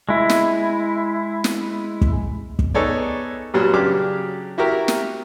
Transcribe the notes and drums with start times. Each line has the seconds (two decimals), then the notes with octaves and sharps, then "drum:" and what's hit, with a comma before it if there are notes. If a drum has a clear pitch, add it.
0.09 G#3 E4
0.29 drum: snare
1.44 drum: snare
2.01 drum: kick
2.59 drum: kick
2.75 B3 D#4 G#4 A4 C#5 D5
3.54 G2 A#2 F#3 G3
3.73 C#3 F#3 D4 G4 D6 F6
4.58 E4 F#4 G4 A#4
4.88 drum: snare